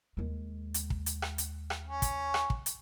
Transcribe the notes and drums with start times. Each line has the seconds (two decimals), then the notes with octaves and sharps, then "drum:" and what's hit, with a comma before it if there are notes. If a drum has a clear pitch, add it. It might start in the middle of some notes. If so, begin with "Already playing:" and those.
0.17 D#2 G#3
0.74 drum: hi-hat
0.90 drum: kick
1.06 drum: hi-hat
1.22 drum: rim click
1.38 drum: hi-hat
1.70 drum: rim click
1.86 C#4
2.02 drum: kick, hi-hat
2.34 drum: rim click
2.50 drum: kick
2.66 drum: hi-hat